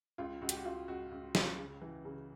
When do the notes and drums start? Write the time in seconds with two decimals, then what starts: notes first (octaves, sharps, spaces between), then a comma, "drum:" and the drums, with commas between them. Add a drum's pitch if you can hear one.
0.18 C#2 F4
0.42 C#2 F#4
0.49 G4, drum: hi-hat
0.57 F#4
0.65 C#2 F4
0.88 C#2 F#4
1.11 C#2
1.35 C#2, drum: snare
1.58 C#3
1.82 E3
2.05 C#3